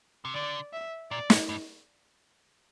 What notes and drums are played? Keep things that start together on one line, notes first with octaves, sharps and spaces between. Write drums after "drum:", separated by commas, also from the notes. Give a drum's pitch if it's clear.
C3
D3 D5
E5
A#2 D5
A2, drum: snare
G2